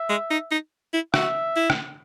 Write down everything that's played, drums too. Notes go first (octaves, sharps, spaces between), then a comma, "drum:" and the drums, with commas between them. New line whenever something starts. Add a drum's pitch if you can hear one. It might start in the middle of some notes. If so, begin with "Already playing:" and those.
Already playing: E5
G#3
D#4
D#4
E4
F#4 E5, drum: rim click
E4
drum: rim click